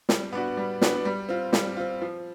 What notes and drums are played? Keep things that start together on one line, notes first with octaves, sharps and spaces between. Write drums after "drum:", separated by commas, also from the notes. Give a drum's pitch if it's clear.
G3, drum: snare
B3 D4 F#4
G3
B3 D4 F#4, drum: snare
G3
C4 F4
G3, drum: snare
C4 F4
F3